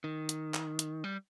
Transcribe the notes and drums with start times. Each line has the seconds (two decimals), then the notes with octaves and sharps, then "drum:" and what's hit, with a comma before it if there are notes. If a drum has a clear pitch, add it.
0.04 D#3
0.29 drum: hi-hat
0.54 drum: clap
0.79 drum: hi-hat
1.04 G3